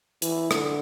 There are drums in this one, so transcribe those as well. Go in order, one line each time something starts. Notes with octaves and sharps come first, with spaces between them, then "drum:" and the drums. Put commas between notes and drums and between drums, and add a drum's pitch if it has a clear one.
E3, drum: hi-hat
D3, drum: rim click